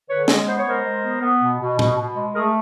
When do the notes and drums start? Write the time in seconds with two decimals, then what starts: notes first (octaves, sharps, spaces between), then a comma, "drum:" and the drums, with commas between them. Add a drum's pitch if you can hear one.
0.09 D3 B4 C#5
0.28 G#3, drum: snare
0.47 B3 C5
0.58 C#5
0.66 G#3 A#4 C5
0.85 G#3
1.04 B3
1.22 B3
1.41 B2
1.61 B2
1.79 B2, drum: tom
1.97 B2
2.17 G#3
2.35 A3 G#4 A#4